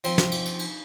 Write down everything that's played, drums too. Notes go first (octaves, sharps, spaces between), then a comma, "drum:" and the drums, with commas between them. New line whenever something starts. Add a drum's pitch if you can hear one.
F3 C4, drum: cymbal
drum: snare
drum: cymbal
drum: cymbal
drum: cymbal